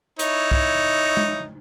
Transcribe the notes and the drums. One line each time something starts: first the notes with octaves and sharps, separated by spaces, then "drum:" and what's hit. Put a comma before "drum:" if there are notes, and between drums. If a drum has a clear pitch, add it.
D#4 E4 C#5, drum: hi-hat
drum: kick C2
drum: tom G#3